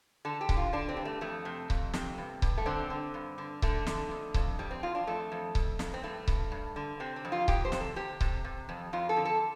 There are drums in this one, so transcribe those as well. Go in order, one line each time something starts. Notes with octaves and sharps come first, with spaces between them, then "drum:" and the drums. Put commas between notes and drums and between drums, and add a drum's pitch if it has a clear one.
D3 A4
G4
D3, drum: kick C#1
F4
D3 D4
C4
G2
A3
F2 A3
C3
F2, drum: kick C#1
C3, drum: snare
G2
G2, drum: kick C#1
A3
D3 C4
D3
G2
D3
D3 A3, drum: kick C#1
D3, drum: snare
F2
F2, drum: kick C#1
F2 G3
C4
F2 F4
D4
F2 A3
F2
F2, drum: kick C#1
F2, drum: snare
C4
G2 A3
G2, drum: kick C#1
G2
D3
C3 C4
C4
F2
F4
F2 G4, drum: kick C#1
C5
C3, drum: snare
A4
C3 G4
C3, drum: kick C#1
C3
F2
F2 F4
A4
D3
A4